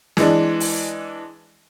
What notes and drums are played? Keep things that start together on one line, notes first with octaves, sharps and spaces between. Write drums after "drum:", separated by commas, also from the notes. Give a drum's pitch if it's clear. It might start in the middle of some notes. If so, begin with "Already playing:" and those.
E3 G#3 D4, drum: snare
drum: open hi-hat